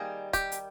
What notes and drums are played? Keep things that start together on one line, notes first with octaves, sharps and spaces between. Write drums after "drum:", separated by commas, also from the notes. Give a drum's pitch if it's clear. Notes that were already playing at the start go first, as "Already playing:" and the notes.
Already playing: D#3 G3 A#3 G#4
G4, drum: kick, hi-hat
drum: hi-hat